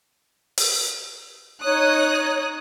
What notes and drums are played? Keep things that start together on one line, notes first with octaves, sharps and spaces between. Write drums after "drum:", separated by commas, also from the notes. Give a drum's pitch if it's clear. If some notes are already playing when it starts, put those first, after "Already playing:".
drum: open hi-hat
D#4 C#5 D#6 F#6